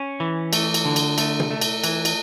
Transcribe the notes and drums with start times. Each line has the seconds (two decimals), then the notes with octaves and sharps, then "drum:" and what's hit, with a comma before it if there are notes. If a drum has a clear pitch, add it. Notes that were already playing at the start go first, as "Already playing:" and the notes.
Already playing: C#4
0.20 E3
0.53 A3, drum: cymbal
0.74 drum: cymbal
0.85 D3
0.96 drum: cymbal
1.18 A3, drum: cymbal
1.40 drum: tom
1.51 A3
1.61 drum: cymbal
1.84 E3, drum: cymbal
2.05 drum: cymbal